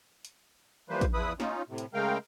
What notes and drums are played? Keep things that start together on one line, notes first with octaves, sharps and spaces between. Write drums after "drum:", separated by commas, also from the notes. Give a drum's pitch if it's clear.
drum: hi-hat
E3 F3 G3 A#3 B4 C5
drum: kick, hi-hat
E2 F3 E4 B4 B5 D#6
C#4 D#4 F4, drum: snare
A2 C3
drum: hi-hat
C#3 G#3 A3 A#4 F5 G5